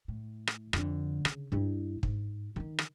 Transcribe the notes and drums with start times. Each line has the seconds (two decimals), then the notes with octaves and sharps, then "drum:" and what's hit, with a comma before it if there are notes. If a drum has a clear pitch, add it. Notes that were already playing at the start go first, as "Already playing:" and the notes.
0.08 A2
0.47 drum: rim click
0.73 F2 D3, drum: rim click
1.25 C#3, drum: rim click
1.52 G2 E4
2.03 G#2, drum: kick
2.56 D#3 D#4
2.79 drum: rim click